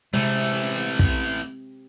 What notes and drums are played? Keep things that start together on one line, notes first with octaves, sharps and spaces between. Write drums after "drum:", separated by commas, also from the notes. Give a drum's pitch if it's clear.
C3 E3 G#3 A3
drum: kick